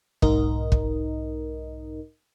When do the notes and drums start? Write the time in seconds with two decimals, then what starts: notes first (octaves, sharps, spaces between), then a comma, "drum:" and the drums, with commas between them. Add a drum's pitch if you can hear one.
0.22 B1 G#2 D#4 A#4 D#5, drum: kick
0.72 drum: kick